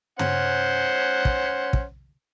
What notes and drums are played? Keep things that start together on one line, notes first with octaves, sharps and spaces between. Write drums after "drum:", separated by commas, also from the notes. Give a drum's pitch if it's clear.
C#4 C5 F#5, drum: tom
drum: kick
drum: kick